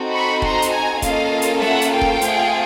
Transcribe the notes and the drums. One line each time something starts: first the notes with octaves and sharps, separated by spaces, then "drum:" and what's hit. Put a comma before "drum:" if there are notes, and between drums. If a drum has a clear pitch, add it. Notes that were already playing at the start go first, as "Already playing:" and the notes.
Already playing: C4 D#4 F#4 A4
B5 C#6
A#5 C6, drum: kick E1
drum: hi-hat
G#5 A#5
A#3 C#4 F4 A4 D#5 F5, drum: kick E1, hi-hat
drum: hi-hat
E5 F#5, drum: snare
drum: hi-hat
F5 G5
drum: kick E1
A3 C4 F4 G#4, drum: hi-hat